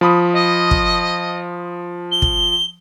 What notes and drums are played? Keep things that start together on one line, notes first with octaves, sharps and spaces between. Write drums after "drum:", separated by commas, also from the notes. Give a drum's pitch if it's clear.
F3 B5 D#6
D#5
drum: kick
G7
drum: kick